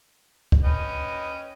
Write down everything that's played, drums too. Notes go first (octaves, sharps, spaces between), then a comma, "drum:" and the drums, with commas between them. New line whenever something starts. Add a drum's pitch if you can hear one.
drum: kick
C#4 B4 D#5 G5